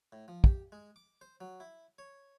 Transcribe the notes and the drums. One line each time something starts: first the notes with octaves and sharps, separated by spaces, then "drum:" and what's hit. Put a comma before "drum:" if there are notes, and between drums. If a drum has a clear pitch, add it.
A2
F3
G4, drum: kick
G#3
D6
C5
F#3
E4
C#5